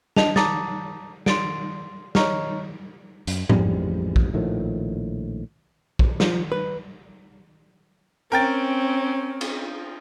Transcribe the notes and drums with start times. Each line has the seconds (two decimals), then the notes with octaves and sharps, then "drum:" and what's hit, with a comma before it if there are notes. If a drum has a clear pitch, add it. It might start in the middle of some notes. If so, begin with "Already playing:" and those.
0.16 D4 D#5 A5 F7, drum: snare
0.36 A5 A#5 D6 D#6 A6, drum: snare
1.26 C6 A6 D7, drum: snare
2.15 C#5 D#5 A#5 C#6 F6, drum: snare
3.27 F#2, drum: hi-hat
3.50 A1 F2 G#2 G3, drum: tom G#2
4.16 drum: kick
4.33 A#1 A2 D#3 F3
5.99 drum: kick
6.20 F3, drum: snare
6.52 B4
8.32 C4 C#4 A#4 G5 A6
9.41 drum: cymbal